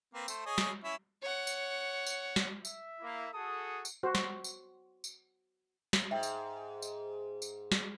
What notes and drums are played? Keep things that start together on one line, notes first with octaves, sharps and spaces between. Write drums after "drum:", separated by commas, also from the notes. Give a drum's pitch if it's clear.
A#3 C4 B4
A3 C5, drum: tambourine
G#4 C#5 D#5
drum: snare
C#4 E4 E5
C#5 F#5
drum: tambourine
drum: tambourine
drum: snare
E5, drum: tambourine
A#3 E4
F#4 G#4 A4 D#6
drum: tambourine
F#4 C5
drum: snare
drum: tambourine
drum: tambourine
drum: snare
G#2 E5 G5
drum: tambourine
drum: tambourine
drum: tambourine
drum: snare